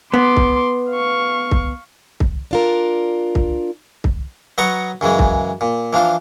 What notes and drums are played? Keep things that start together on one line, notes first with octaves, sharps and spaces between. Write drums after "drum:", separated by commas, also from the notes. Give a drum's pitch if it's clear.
B3 C6 D6
drum: kick C2
F5 C#6
drum: kick C2
drum: kick C2
D4 F4 A#4
drum: kick C2
drum: kick C2
F#3 B4 D#5 F#5 A#5 C#6
F#2 C#3 E3 G#3
drum: kick C2
A#2
E3 F3 D4 F4